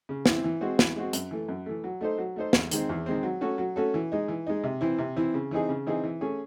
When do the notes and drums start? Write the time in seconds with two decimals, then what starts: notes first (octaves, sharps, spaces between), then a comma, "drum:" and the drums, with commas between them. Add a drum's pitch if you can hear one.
0.09 C#3
0.26 E3 C4 E4, drum: snare
0.44 E3
0.61 G#3 C4 F#4
0.79 E3, drum: snare
0.96 G#3 C4 F#4
1.13 F#2, drum: hi-hat
1.31 E3 A3
1.49 F#2
1.66 E3 A3
1.84 F#3
2.01 A3 D#4 A4 C5
2.18 F#3
2.36 A3 D#4 A4 C5
2.53 E2, drum: snare
2.71 D#3 G#3 C4, drum: hi-hat
2.89 E2
3.06 D#3 G#3 C4
3.23 F#3
3.41 A3 C#4 F#4 A4
3.58 F#3
3.76 A3 C#4 F#4 A4
3.94 E3
4.12 G#3 D#4
4.28 E3
4.47 G#3 D#4
4.64 C3
4.81 E3 C4 E4
4.98 C3
5.16 E3 C4 E4
5.34 C#3
5.51 E3 C4 D#4 G#4
5.69 C#3
5.87 E3 C4 D#4 G#4
6.04 E3
6.21 A3 C#4 G#4